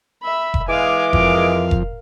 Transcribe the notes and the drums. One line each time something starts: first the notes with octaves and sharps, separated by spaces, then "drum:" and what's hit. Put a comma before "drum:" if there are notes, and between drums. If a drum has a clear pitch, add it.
E5 B5
drum: kick F1
E3 G#3 F5 G#5 D6
F2 A#4 F5, drum: kick F1
drum: kick F1